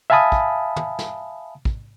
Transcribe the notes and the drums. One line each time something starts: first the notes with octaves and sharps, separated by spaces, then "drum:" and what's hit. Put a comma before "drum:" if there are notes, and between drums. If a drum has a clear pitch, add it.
E5 F5 G#5 A5 B5 D#6
drum: kick
drum: tom
drum: snare
drum: kick